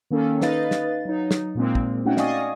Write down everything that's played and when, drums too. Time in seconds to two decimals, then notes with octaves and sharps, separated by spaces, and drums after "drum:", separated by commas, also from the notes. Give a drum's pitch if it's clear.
0.11 D#3 A#3 C#4 A4
0.41 D#4 B4 D#5 F5 A6, drum: snare
0.71 drum: snare
1.05 F#3 D#4
1.31 drum: snare
1.55 A#2 G#3 A#3 C4
1.75 drum: kick
2.05 A3 C#4 D#4 F#4 F#5 G5
2.17 D5 D#5 F5 G#5 C#6 D#6, drum: snare